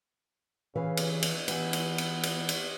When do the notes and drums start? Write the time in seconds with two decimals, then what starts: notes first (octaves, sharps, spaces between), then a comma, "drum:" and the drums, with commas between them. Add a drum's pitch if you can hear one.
0.75 C#3 E3 B4 F5
0.97 drum: cymbal
1.22 drum: cymbal
1.48 E3 B3 E4, drum: cymbal
1.73 drum: cymbal
1.98 drum: cymbal
2.23 drum: cymbal
2.49 drum: cymbal